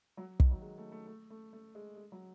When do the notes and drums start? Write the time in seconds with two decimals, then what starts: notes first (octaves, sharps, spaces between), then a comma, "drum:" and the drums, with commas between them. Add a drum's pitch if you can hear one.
0.17 F#3
0.40 D#3, drum: kick
0.51 F#3
0.62 G#3
0.78 A3
0.92 A3
1.07 A3
1.30 A3
1.53 A3
1.75 G#3
1.97 G#3
2.12 F#3